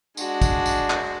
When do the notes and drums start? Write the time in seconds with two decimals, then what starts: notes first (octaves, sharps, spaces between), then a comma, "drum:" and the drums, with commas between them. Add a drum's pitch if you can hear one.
0.17 G#3 D4 F#4, drum: tambourine
0.41 drum: kick, tambourine
0.66 drum: tambourine
0.90 drum: clap